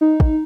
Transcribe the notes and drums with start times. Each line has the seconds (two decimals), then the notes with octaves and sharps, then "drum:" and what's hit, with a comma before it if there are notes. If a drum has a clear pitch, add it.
0.01 D#4
0.20 drum: kick